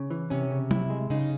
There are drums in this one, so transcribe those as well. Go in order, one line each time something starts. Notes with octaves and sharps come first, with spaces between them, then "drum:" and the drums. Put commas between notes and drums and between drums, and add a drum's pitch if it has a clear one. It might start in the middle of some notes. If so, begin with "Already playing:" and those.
Already playing: C#3
E3
C3 C#4
C#3
E4, drum: tom F#3
G#3
C#3 D#4